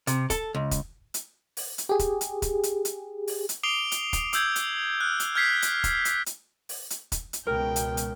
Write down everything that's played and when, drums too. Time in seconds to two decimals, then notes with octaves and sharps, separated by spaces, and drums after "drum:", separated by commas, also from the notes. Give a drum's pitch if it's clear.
0.07 C3, drum: hi-hat
0.30 A4, drum: kick, hi-hat
0.55 C#2
0.71 drum: kick, hi-hat
1.14 drum: hi-hat
1.57 drum: open hi-hat
1.78 drum: hi-hat
1.89 G4 G#4
1.99 drum: kick, hi-hat
2.21 drum: hi-hat
2.42 drum: kick, hi-hat
2.63 drum: hi-hat
2.85 drum: hi-hat
3.27 drum: open hi-hat
3.49 drum: hi-hat
3.63 D6 D#6 C7 D7 F7 G7
3.92 drum: hi-hat
4.13 drum: kick, hi-hat
4.33 D#6 E6 G6 G#6, drum: hi-hat
4.56 drum: hi-hat
5.01 F6 F#6
5.20 drum: hi-hat
5.35 F6 G6 G#6 B6 C7
5.62 drum: hi-hat
5.84 drum: kick, hi-hat
6.05 drum: hi-hat
6.26 drum: hi-hat
6.69 drum: open hi-hat
6.90 drum: hi-hat
7.12 drum: kick, hi-hat
7.33 drum: hi-hat
7.47 C#2 B2 A#4 G5
7.76 drum: hi-hat
7.97 drum: hi-hat